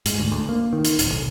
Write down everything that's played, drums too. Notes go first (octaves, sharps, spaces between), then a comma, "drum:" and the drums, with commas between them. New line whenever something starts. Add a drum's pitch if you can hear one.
G#2, drum: hi-hat
D2
D2
A#3
D#3
drum: hi-hat
D1, drum: hi-hat
B1